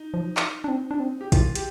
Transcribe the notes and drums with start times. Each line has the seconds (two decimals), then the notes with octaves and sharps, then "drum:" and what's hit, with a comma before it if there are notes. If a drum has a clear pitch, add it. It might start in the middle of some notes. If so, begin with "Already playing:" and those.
Already playing: D#4
0.14 F3
0.37 drum: clap
0.64 D4
0.68 C4
0.91 D4
1.00 C4
1.21 G4
1.32 D#3 F4, drum: kick, hi-hat
1.55 G4, drum: hi-hat